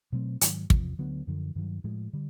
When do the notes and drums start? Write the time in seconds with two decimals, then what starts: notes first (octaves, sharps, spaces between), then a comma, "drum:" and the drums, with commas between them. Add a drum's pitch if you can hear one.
0.12 B2 F#3 A3 C4
0.41 G#2 D#3 F#3, drum: hi-hat
0.70 E2 C3 F3, drum: kick
0.99 D2 D3 F#3 B3
1.27 F#2 D3 F3
1.55 G2 D#3 F#3
1.84 A2 F3 G#3
2.13 D3 G3